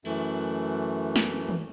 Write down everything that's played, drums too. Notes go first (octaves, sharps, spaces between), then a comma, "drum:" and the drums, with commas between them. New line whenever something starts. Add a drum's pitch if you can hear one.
F#2 E3 A3, drum: cymbal
drum: snare
drum: tom D#3